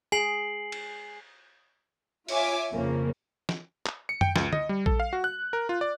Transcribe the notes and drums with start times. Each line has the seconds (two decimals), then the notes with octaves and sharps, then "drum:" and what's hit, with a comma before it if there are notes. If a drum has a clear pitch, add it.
0.12 G#4 G#5 C7 F#7
0.72 drum: cymbal
2.28 F4 C#5 E5 G#5 D6, drum: open hi-hat
2.72 F2 C#3 F3 A#3
3.49 drum: snare
3.86 drum: clap
4.09 C#7
4.21 G5, drum: tom F#2
4.36 C#2, drum: snare
4.53 D#5, drum: tom
4.69 G3
4.86 A4, drum: kick A#1
5.00 F5
5.13 F#4
5.24 F#6
5.53 A#4
5.69 F4
5.81 D5